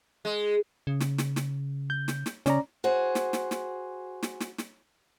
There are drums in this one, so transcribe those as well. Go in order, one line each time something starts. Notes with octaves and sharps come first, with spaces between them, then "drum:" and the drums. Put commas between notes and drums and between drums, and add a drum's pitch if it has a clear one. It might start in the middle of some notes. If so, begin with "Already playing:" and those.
G#3
C#3
drum: snare
drum: snare
drum: snare
G6
drum: snare
drum: snare
C#3 C#4 D5 A#5, drum: snare
F#4 G#4 C5
drum: snare
drum: snare
drum: snare
drum: snare
drum: snare
drum: snare